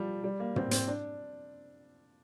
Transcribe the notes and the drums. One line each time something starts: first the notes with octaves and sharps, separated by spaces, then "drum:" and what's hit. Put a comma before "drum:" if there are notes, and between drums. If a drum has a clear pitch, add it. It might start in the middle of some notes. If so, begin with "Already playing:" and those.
Already playing: F3 G3
G3
A#3
C4, drum: tom
C4, drum: hi-hat
D4